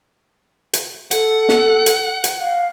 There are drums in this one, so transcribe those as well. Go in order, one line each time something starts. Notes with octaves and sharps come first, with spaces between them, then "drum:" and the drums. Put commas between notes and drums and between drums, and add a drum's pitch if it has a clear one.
drum: hi-hat
A4 F#5, drum: hi-hat
drum: snare
drum: hi-hat
drum: hi-hat
F5